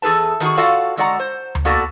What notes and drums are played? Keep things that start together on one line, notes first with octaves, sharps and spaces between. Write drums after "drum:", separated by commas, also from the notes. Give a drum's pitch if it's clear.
E2 G#4 A4 B4 A5
D#3 F#4 G#4, drum: hi-hat
F4 F#4 A4 D5 F5 F#5
D3 G#3 F#4 D5 F#5 A#5
C5
drum: tom D2
A#3 B3 F#4 A4 D5